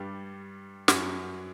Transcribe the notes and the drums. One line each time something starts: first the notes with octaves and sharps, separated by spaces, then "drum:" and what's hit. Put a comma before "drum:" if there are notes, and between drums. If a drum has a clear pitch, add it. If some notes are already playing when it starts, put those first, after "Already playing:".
Already playing: G2 G3
F#2 F#3, drum: snare